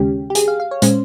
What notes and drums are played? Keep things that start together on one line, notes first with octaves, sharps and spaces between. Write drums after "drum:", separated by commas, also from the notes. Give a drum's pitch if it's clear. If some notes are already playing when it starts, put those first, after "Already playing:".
Already playing: D#2 C#3 G#3 C#4 G4
G4
G#4, drum: hi-hat
F5
F5
C#5
A#2 G#3 C#4 C5, drum: hi-hat